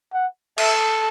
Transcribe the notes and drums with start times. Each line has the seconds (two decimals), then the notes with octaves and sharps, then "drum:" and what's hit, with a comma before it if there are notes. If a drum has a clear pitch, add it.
0.13 F#5
0.58 A4 E5, drum: cymbal